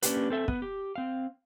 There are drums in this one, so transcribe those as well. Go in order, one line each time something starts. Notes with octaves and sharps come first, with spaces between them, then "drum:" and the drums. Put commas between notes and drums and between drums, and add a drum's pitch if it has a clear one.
A#3 C#4 D4 F#4 G4 B4, drum: hi-hat
C4 A4 E5
B3, drum: kick
G4
C4 F5